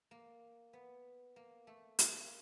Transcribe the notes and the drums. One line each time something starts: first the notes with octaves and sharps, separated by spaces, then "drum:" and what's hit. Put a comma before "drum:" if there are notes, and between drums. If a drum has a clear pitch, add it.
A#3
B3
A#3
A3
A#3, drum: hi-hat